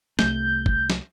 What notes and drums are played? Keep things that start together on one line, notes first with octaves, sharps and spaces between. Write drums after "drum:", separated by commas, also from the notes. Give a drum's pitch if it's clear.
C2 A3 G6, drum: snare
drum: kick
drum: snare